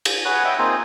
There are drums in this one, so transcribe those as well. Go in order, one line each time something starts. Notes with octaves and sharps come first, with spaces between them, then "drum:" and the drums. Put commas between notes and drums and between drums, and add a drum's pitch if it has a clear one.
drum: cymbal
G#4 B4 C#5 F#5
D#5 E5 F#5 G5 B5
A#3 C4 D#4 F4 G#4